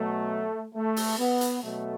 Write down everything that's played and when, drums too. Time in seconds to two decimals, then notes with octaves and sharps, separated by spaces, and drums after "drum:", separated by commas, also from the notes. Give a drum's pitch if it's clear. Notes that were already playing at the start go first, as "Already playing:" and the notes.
Already playing: B2 F#3 A3
0.75 A3
0.96 drum: open hi-hat
1.19 B3
1.41 drum: hi-hat
1.63 B2 F#3 A3